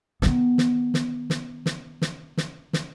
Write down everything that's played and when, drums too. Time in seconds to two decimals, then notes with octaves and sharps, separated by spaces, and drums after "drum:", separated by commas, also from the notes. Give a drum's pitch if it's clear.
0.22 D#3 B3, drum: snare
0.58 drum: snare
0.94 drum: snare
1.30 drum: snare
1.66 drum: snare
2.02 drum: snare
2.37 drum: snare
2.73 drum: snare